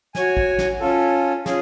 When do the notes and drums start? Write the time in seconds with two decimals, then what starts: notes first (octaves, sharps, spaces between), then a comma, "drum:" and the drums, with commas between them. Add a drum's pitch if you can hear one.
0.15 F#4 C#5 G#5, drum: snare
0.37 drum: kick
0.59 drum: snare
0.80 C#4 F4 A4
1.46 C#4 F4 G#4, drum: snare